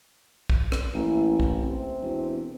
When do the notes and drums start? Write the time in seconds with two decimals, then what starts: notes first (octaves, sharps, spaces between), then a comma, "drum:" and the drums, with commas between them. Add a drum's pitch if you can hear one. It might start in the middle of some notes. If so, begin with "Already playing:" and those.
0.50 drum: kick
0.72 drum: rim click
0.95 A1 A#3 E4
1.40 drum: kick
1.57 C3 C4
2.02 E1